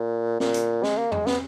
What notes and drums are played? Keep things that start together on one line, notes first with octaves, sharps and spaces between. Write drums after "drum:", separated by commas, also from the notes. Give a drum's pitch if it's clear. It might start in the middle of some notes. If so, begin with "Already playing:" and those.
Already playing: A#2
A#2, drum: snare
drum: hi-hat
G#3, drum: snare
A#3
G#3, drum: tom E2
B3, drum: snare